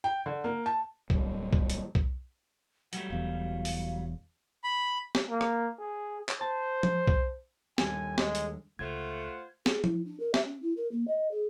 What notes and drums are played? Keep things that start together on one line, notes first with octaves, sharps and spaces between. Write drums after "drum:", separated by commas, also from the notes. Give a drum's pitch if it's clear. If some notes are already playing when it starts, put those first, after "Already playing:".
G5
D3
A#3
A5
D1 G3, drum: kick B1
drum: kick B1
drum: hi-hat
drum: kick B1
F#3 G3 A3 F#5, drum: hi-hat
E1 E2 F5
drum: open hi-hat
B5
drum: snare
A#3
drum: rim click
G#4
drum: clap
C5 A5
drum: tom F3
drum: kick B1
D#2 D3 G3 G#5, drum: snare
G#3, drum: snare
drum: hi-hat
C#2 D3 A3 F4 C5 F#5 G#6
G#4, drum: snare
E4, drum: tom F3
D4
A#4
E5, drum: snare
C#4
E4
A#4
A#3
D#5
G#4